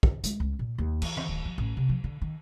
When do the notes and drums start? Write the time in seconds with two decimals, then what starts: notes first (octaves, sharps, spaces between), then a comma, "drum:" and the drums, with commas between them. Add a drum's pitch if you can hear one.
0.03 drum: kick
0.24 G#3, drum: hi-hat
0.40 C#2
0.59 A#2
0.78 D#2
1.02 E3, drum: cymbal
1.17 drum: tom
1.29 D1
1.45 F3
1.58 A1
1.77 C3
1.89 F3
2.04 D3
2.22 D#3